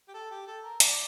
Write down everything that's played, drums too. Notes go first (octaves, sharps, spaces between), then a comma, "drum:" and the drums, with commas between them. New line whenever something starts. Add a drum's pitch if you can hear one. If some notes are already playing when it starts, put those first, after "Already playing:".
G4
A4
G4
A4
A#4
D5, drum: hi-hat